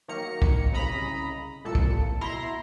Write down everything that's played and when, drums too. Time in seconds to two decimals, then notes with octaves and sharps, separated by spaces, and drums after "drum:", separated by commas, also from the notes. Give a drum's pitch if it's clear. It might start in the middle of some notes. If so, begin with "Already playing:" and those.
0.08 D#3 F#3 A#3 A#5 C#7
0.42 drum: kick
0.72 C2 C#3 D#5 A#5 B5
1.65 C2 A#2 A4 A5 C#7
1.75 drum: kick
2.21 B2 E4 A#5 C6 A#6